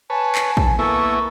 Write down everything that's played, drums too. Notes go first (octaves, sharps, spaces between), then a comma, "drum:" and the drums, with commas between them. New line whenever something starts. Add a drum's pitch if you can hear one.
B4 C#5 G#5 A5
drum: clap
drum: kick
A#3 B3 E4 A4 C#6